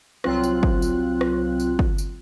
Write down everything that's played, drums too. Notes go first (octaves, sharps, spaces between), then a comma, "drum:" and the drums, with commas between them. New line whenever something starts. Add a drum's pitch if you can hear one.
C2 F#3 C4 F4 F#6, drum: rim click
drum: tambourine
drum: kick
drum: tambourine
drum: rim click
drum: tambourine
drum: kick
drum: tambourine